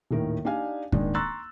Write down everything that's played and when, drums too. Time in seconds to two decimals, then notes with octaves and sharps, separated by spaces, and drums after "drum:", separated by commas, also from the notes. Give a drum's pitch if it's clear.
0.11 D#1 A2 D#3 A#4
0.45 D4 D#4 G4 D5 F5 G#5
0.92 D#1 G#1 D#3 G#3 D4 G#4, drum: kick
1.14 A#5 C6 C#6 E6 F#6 A6